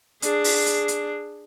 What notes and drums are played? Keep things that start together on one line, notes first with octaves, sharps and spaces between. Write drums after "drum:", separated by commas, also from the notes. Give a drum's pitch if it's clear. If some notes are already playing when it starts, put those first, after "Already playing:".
D4 G#4, drum: hi-hat
drum: open hi-hat
drum: hi-hat
drum: hi-hat